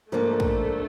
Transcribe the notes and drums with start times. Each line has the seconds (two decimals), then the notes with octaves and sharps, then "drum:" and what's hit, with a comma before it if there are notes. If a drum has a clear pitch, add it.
0.11 G#2 F3 A3 A#3 D4
0.40 drum: kick